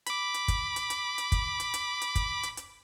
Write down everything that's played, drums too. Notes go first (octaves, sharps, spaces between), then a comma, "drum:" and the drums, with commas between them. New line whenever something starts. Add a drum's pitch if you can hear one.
B5 D6, drum: hi-hat
drum: hi-hat
drum: kick, hi-hat
drum: hi-hat
drum: hi-hat
drum: hi-hat
drum: kick, hi-hat
drum: hi-hat
drum: hi-hat
drum: hi-hat
drum: kick, hi-hat
drum: hi-hat
drum: hi-hat